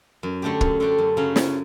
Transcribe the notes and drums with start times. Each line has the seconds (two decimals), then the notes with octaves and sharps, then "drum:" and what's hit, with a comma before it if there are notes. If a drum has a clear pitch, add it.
0.23 F#2
0.42 D3 A3 D4 G4
0.61 F#2, drum: kick
0.80 D3 A3 D4 G4
0.98 F#2
1.17 C#3 F#3 C#4
1.36 F#2, drum: snare